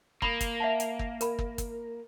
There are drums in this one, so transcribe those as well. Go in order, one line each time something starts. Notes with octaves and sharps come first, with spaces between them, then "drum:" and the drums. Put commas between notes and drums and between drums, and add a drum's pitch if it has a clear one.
A#3 B5 D#6, drum: kick
drum: kick, hi-hat
E5 F#5 A5
drum: hi-hat
drum: kick
A#4 B5, drum: hi-hat
drum: kick
drum: kick, hi-hat